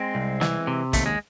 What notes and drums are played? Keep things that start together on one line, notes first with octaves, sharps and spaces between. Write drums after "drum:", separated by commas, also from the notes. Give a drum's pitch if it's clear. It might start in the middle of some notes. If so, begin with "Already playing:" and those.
Already playing: G#3 C4
C2
E3, drum: snare
C3
D#2 A3, drum: kick, hi-hat
G#3